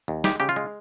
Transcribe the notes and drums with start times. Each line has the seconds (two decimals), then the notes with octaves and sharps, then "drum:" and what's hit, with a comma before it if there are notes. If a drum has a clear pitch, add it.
0.08 D#2
0.24 G#3 G4, drum: snare
0.40 C#3 G4
0.49 F4
0.56 G#3